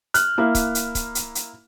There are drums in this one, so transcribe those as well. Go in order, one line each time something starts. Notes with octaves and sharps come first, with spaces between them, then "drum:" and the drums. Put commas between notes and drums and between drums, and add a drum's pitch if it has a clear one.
F6 F#6, drum: hi-hat
A#3 E4
drum: kick C#1, hi-hat
drum: hi-hat
drum: kick C#1, hi-hat
drum: hi-hat
drum: hi-hat